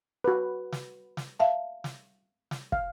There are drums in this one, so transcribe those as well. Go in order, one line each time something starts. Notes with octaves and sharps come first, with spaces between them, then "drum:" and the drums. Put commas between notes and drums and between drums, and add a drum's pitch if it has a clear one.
F#4 B4
drum: snare
drum: snare
E5 F5 A5
drum: snare
drum: snare
F5, drum: kick